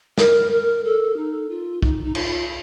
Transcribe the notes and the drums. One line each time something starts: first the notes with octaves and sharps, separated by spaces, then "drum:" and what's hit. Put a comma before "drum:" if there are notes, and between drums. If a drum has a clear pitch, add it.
A#4, drum: snare
A#4
A4
D#4
F4
D#4, drum: kick
D#4
F4, drum: cymbal